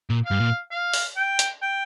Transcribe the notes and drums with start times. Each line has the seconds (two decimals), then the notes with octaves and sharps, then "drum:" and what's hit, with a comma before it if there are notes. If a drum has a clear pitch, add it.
0.10 A#2
0.25 F5
0.31 G2
0.40 A#2
0.71 F5
0.94 drum: open hi-hat
1.16 G5
1.39 drum: hi-hat
1.62 G5